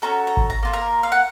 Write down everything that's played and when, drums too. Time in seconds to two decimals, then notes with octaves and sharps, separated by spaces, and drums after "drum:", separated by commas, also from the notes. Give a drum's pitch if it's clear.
0.02 C#4 F#4 A4 A#5
0.27 A#5
0.37 drum: kick G#1
0.50 A#5
0.63 A#3 F4 A4
0.73 A#4 A#5
1.03 F5
1.12 F#5